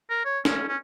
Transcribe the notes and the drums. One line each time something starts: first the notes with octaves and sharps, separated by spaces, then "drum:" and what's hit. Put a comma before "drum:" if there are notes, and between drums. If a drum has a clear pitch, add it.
A#4
C#5
C#4, drum: snare
C#4